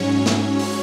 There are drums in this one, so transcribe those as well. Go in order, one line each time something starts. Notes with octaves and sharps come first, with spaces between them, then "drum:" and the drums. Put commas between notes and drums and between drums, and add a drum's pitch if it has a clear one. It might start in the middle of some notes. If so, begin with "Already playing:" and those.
Already playing: G#2 F#3 C#4 C#5
drum: snare
drum: open hi-hat